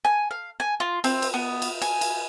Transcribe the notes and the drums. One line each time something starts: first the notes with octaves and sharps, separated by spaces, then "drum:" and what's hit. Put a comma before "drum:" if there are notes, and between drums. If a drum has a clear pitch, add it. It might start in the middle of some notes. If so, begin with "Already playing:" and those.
G#5
F5
G#5
F4
C4, drum: cymbal
drum: cymbal
B3
drum: cymbal
G#5, drum: cymbal
drum: cymbal